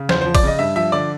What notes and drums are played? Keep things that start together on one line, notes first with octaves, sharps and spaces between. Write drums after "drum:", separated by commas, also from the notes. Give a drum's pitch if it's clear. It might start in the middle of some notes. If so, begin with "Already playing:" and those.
Already playing: C#3
E2 C5, drum: snare
F3 C5
D5, drum: kick, cymbal
C#3 D#5
G2 E5
F3 E5
D3 D5